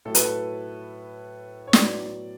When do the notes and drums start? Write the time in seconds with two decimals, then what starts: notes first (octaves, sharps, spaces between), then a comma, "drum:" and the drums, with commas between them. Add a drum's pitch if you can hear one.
0.05 A2 F#3 A3 A4
0.15 B4, drum: hi-hat
0.24 A4
1.67 C#5
1.73 A2 F#3 B3 D5, drum: snare